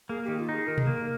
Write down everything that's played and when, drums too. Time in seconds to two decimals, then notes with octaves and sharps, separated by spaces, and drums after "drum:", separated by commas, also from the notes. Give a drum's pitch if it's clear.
0.09 A#3 G#4
0.24 D#3 G4
0.38 F4
0.49 D#4 G#4
0.67 D#3 A#4
0.78 G#4, drum: tom B2
0.87 A#3 A#4